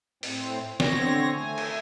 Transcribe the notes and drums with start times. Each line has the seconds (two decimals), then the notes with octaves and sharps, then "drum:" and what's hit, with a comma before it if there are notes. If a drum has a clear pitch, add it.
0.23 A2 C4, drum: open hi-hat
0.80 D3 C4 C#5 A#6, drum: snare
1.32 A3 G#5
1.58 drum: cymbal